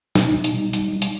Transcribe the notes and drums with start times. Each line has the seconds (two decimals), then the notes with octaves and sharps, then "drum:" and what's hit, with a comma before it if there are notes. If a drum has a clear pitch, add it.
0.15 B2 D#4, drum: snare
0.35 B2
0.44 drum: hi-hat
0.54 G3
0.73 G3, drum: hi-hat
0.92 G3
1.02 drum: hi-hat